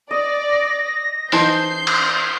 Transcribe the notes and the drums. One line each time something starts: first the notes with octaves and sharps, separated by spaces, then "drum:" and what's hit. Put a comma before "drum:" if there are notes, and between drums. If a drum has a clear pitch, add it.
D5 D#5 A#6
E3 D#4 C5 A5 G6 C7, drum: open hi-hat
drum: cymbal